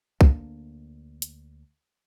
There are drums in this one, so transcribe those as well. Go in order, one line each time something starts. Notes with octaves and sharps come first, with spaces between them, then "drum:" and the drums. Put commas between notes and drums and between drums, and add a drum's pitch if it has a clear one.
D2 A#3 D4, drum: kick
drum: hi-hat